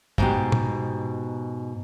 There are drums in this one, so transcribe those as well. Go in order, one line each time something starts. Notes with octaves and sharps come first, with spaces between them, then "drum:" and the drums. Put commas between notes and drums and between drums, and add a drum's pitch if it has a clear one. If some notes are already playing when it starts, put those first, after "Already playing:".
G#2 B2 G4, drum: kick
drum: tom